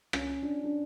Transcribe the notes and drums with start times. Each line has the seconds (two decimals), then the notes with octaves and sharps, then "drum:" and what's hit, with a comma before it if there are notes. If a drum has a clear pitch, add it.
0.13 C#4, drum: rim click
0.42 D4
0.64 D4